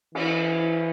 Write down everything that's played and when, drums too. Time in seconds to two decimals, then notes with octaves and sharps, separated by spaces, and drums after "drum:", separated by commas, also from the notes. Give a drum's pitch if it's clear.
0.15 E3, drum: cymbal